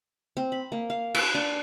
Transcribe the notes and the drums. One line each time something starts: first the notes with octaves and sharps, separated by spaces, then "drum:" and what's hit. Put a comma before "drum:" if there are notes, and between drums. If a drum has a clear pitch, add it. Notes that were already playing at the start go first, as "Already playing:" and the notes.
C4
B5
A#3
F5
B4, drum: cymbal
D4